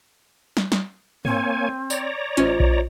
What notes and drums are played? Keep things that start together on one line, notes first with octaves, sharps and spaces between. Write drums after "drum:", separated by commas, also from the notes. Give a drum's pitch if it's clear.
drum: snare
drum: snare
A#3 C4 C#5 G#5, drum: tom
C#5 D5 A#5, drum: tambourine
A1 C#4 F4 C5 D#5, drum: hi-hat
drum: kick A#1